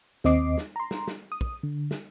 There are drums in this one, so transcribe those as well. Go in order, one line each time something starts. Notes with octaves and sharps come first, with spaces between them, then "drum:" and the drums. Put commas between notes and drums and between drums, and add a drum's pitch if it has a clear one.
D#2 C4 D#5 D6 C7, drum: snare
drum: snare
A#5 C6
drum: snare
drum: snare
D#6
drum: kick
D3
drum: snare